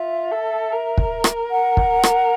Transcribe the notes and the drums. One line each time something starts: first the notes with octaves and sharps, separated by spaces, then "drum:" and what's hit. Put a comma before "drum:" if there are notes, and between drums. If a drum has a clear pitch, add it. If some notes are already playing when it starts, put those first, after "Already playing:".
Already playing: F4 E5
A4
A#4
drum: kick
drum: rim click
F#5
drum: kick
drum: rim click